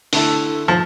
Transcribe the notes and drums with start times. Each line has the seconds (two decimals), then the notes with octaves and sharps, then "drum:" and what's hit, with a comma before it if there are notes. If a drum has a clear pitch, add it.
0.13 D3 A3 E4 A4, drum: open hi-hat
0.68 F3